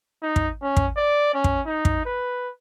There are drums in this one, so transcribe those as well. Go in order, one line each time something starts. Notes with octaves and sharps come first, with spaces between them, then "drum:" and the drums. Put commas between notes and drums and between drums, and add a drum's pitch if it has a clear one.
D#4
drum: kick
C#4
drum: kick
D5
C#4
drum: kick
D#4
drum: kick
B4